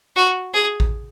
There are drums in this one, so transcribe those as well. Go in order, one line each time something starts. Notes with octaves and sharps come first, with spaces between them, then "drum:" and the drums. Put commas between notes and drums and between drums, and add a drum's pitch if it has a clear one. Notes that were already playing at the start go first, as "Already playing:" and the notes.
F#4
G#4
drum: kick A1